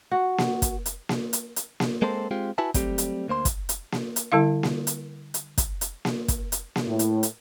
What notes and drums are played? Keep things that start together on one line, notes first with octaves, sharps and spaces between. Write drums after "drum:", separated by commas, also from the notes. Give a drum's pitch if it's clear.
F#4
drum: snare A#3
drum: kick, hi-hat
drum: hi-hat
drum: snare A#3
drum: hi-hat
drum: hi-hat
drum: snare A#3
G#3 A#3 C4 A4 C5
G#3 C4 F4 G4
E4 F#4 B4 E5 G#5 A5
F#3 G3 A3 C4 G4, drum: kick, hi-hat
drum: hi-hat
D2 A#3 C5 C6
drum: kick, hi-hat
drum: hi-hat
drum: snare A#3
drum: hi-hat
D3 G3 E4 F5
drum: snare A#3
drum: hi-hat
drum: hi-hat
drum: kick, hi-hat
drum: hi-hat
drum: snare A#3
drum: kick, hi-hat
drum: hi-hat
drum: snare A#3
A2
drum: hi-hat
drum: hi-hat